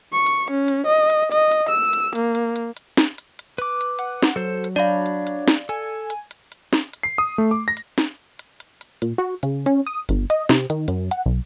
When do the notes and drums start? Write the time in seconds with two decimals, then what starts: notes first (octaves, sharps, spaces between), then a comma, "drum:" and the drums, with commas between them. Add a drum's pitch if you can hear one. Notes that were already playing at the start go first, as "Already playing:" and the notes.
0.13 C#6
0.26 drum: hi-hat
0.51 C#4
0.68 drum: hi-hat
0.86 D#5
1.10 drum: hi-hat
1.32 D#5, drum: hi-hat
1.52 drum: hi-hat
1.69 E6
1.93 drum: hi-hat
2.15 A#3, drum: hi-hat
2.35 drum: hi-hat
2.56 drum: hi-hat
2.77 drum: hi-hat
2.97 drum: snare
3.18 drum: hi-hat
3.39 drum: hi-hat
3.58 B4 D6, drum: hi-hat
3.81 drum: hi-hat
3.99 F#5, drum: hi-hat
4.23 drum: snare
4.36 F#3 A4 C5
4.64 drum: hi-hat
4.76 D4 C#5 D5 F5 B5
5.06 drum: hi-hat
5.27 drum: hi-hat
5.48 drum: snare
5.69 A4 G#5, drum: hi-hat
6.10 drum: hi-hat
6.31 drum: hi-hat
6.52 drum: hi-hat
6.73 drum: snare
6.93 drum: hi-hat
7.03 C7
7.18 D#6
7.38 A3
7.51 D6
7.68 A#6
7.77 drum: hi-hat
7.98 drum: snare
8.39 drum: hi-hat
8.60 drum: hi-hat
8.81 drum: hi-hat
9.02 A#2, drum: hi-hat
9.18 F#4
9.43 C#3, drum: hi-hat
9.66 C#4, drum: hi-hat
9.87 D#6
10.09 G1, drum: hi-hat
10.30 D#5, drum: hi-hat
10.49 C3, drum: snare
10.70 D#3, drum: hi-hat
10.88 F#2, drum: hi-hat
11.11 F#5, drum: hi-hat
11.26 B1